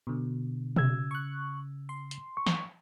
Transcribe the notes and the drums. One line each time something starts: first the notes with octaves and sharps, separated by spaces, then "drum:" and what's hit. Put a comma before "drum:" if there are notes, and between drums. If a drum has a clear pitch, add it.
B2 D3
C#3 E6 G#6, drum: tom B2
C#6 F#6
C6
drum: hi-hat
C#6
drum: snare